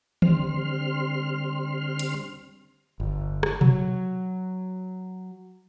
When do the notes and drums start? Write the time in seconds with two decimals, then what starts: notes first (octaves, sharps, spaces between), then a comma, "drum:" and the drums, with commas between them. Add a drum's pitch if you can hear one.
0.22 D3 G3 C4 C6 F6, drum: tom D#3
1.99 drum: hi-hat
3.00 G1
3.43 drum: rim click
3.61 F#3, drum: tom B2